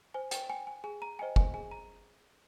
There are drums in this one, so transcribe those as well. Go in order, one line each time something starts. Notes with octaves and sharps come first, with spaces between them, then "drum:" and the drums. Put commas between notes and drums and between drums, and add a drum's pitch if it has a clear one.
C5 G#5
G5, drum: hi-hat
G5 G#5
G#5
G#4 G#5
A#5
C5 D#5 G5 G#5
G#5, drum: kick
G#4 G#5
A#5